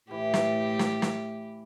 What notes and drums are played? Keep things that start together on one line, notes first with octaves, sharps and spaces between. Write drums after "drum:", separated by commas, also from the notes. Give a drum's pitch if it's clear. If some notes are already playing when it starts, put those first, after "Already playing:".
A2 E3 G4
drum: snare
drum: snare
drum: snare